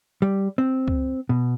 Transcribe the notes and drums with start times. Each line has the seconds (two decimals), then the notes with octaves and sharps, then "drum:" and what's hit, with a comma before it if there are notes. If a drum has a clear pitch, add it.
0.22 G3
0.58 C4
0.88 drum: kick C#2
1.29 B2